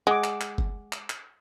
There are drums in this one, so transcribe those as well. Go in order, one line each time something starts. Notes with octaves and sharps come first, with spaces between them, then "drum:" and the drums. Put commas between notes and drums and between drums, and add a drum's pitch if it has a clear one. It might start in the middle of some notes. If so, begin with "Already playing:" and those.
G#3 F#5 G#5 D6
drum: clap
drum: clap
drum: kick G1
drum: clap
drum: clap